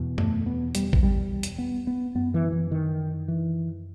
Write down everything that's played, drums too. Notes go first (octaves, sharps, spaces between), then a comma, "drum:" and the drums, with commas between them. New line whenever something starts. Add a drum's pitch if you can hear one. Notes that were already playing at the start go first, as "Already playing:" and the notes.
Already playing: E2 B2
A3, drum: tom F#2
B3
G3, drum: hi-hat
drum: kick
G3
drum: hi-hat
B3
B3
F#2 B3
E3
E3
D#3
E3